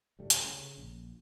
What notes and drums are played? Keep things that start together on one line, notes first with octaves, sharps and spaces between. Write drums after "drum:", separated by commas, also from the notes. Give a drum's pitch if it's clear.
D2 A2 G3 A3
drum: hi-hat
C#3
A#1